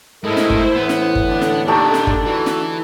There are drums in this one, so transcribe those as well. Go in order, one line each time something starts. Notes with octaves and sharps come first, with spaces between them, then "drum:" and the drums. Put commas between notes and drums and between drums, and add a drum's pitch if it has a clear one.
A2 G#3 E4 A4 A#4 C5 D#5
drum: snare
drum: kick G1
A2 E3 B3
drum: snare
drum: kick G1
D3 D4
drum: snare
A#2 D#3 A3 D#4 G4
drum: snare
drum: kick G1
E3 F#4
drum: snare